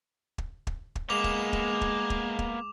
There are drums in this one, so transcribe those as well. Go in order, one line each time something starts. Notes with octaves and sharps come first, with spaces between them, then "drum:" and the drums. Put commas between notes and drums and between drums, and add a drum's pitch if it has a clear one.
drum: kick
drum: kick
drum: kick
G#3 A#3 B3 D6 F7
drum: kick
drum: kick
drum: kick
drum: kick
drum: kick